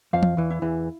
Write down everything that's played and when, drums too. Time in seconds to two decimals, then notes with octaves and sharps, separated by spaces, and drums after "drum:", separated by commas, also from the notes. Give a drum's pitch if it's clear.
0.13 F2 F3 F5
0.23 drum: tom E3
0.37 E2 E3
0.50 E4
0.62 E2 E3